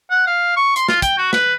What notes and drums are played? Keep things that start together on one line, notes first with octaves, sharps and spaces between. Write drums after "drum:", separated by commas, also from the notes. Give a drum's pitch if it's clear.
F#5
F5
C#6
C6, drum: hi-hat
F4, drum: snare
G5, drum: kick, hi-hat
F#4
B4, drum: snare